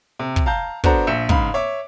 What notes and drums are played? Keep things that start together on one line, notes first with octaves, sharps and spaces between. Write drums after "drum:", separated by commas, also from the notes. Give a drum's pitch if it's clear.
C3
drum: kick
F5 A5 A#5 G6
B3 D4 F#4 A4 C5 A#5, drum: kick
A#1 E5 G6 C#7 E7
G#2 C#3 F5 B5, drum: kick
C#5 E5 D6